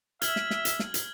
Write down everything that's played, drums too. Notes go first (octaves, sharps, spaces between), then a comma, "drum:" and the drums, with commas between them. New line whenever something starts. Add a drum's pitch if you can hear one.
E5 F6 G#6 F#7, drum: hi-hat
drum: snare
drum: snare
drum: hi-hat
drum: snare
drum: hi-hat